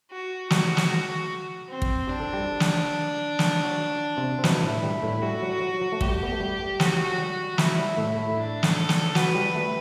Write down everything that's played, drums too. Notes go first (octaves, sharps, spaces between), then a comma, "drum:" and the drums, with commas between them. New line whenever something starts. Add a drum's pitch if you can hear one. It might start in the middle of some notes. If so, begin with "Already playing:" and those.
F#4
G3 F#4 G4, drum: snare
drum: snare
C4
drum: kick
D4 G4
A4
G3 G4
drum: snare
drum: snare
F#3 F#4
C3 C4
C4
B2 B3 E4, drum: snare
A2 A3
G3
A2 A3
G3 F#4
F#3
F#3
F#3
A3
G3 G4, drum: kick
B3
A3
G3
F#3 F#4, drum: snare
F#3
G3
F#3 E4, drum: snare
G3
A2 A3
A2 A3
D4
drum: snare
A4
drum: snare
F#3 F#4 B4, drum: snare
G3 G4
A3 A4